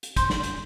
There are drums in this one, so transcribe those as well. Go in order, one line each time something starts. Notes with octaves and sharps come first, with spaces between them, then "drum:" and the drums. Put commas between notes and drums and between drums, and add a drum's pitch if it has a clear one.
drum: hi-hat
C5, drum: kick, hi-hat
drum: snare
drum: hi-hat